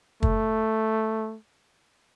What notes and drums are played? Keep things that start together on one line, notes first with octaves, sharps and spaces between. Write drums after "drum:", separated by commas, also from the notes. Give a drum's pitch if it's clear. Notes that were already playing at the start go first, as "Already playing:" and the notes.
A3, drum: kick